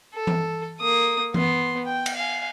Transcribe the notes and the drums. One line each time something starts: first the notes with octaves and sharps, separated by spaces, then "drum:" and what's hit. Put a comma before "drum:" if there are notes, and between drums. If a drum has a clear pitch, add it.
A4
drum: tom E3
A#3 D#6
B3 C6, drum: tom E3
G5
drum: cymbal
F5 G#5